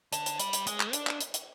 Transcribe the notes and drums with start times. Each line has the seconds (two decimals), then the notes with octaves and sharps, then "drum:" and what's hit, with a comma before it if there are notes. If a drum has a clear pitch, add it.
0.12 D3, drum: hi-hat
0.26 drum: hi-hat
0.40 G3, drum: hi-hat
0.53 drum: hi-hat
0.67 G#3, drum: hi-hat
0.80 drum: clap
0.93 D4, drum: hi-hat
1.07 drum: clap
1.21 drum: hi-hat
1.34 drum: hi-hat